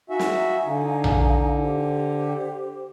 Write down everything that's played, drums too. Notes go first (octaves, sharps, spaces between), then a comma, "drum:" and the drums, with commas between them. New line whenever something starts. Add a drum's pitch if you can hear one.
D#4 F#4 E5 F5 G#5
drum: snare
D3
drum: tom A#1
G4 C5